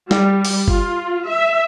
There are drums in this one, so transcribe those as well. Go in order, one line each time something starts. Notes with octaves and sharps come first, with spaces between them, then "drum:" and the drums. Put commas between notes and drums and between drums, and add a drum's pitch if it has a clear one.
G3, drum: snare
drum: open hi-hat
F4, drum: kick
E5